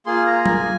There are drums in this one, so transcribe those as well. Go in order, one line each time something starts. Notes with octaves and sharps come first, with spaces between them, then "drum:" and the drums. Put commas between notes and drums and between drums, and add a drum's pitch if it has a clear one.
A#3 F4 G#4 C6
A#5
G#5, drum: tom F#3